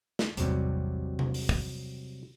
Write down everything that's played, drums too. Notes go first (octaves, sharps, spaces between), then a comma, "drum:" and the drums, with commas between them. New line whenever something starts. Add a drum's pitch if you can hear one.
drum: snare
A1 E2 G#2 C3 F#3 G3, drum: hi-hat
drum: tom C3
drum: open hi-hat
drum: kick